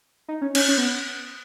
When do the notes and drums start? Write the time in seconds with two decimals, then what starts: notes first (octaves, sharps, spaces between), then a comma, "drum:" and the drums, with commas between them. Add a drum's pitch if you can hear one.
0.28 D#4
0.42 C#4
0.55 C#4, drum: cymbal
0.68 C#4
0.78 B3